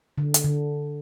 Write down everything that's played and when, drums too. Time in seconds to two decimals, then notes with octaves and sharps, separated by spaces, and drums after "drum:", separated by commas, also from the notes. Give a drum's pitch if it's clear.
0.18 D3
0.34 drum: hi-hat
0.44 D3